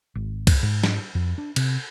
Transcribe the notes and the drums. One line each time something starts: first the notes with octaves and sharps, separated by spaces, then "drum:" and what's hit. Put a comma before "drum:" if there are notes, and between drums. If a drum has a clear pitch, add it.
G#1
drum: kick C2, cymbal
G#2
drum: snare
F2
D4
C3, drum: cymbal